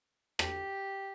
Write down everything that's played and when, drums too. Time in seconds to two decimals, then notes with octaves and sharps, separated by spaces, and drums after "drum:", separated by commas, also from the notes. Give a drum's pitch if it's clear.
0.39 G4, drum: rim click